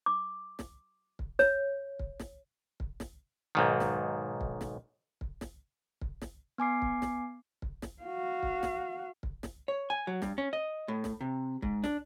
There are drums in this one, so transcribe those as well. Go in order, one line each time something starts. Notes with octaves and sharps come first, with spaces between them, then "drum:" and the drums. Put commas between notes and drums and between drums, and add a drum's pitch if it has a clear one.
D6
drum: snare
drum: kick
C#5, drum: snare
drum: kick
drum: snare
drum: kick
drum: snare
B1 G#2 D#3
drum: snare
drum: kick
drum: snare
drum: kick
drum: snare
drum: kick
drum: snare
B3 G#5 D6 C7
drum: kick
drum: snare
drum: kick
drum: snare
F#4 F5
drum: kick
drum: snare
drum: kick
drum: snare
C#5
G#5
F#3
G2, drum: snare
C#4
D#5
A2
drum: snare
C3
G#2, drum: kick
D4, drum: snare